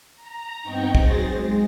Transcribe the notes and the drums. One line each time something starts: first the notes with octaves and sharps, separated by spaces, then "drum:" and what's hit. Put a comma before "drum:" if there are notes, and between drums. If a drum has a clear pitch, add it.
A#5
G2 B3 C4 D#4 G5 C#6
F#3 G#4 C5 A6 A#6, drum: kick
G#3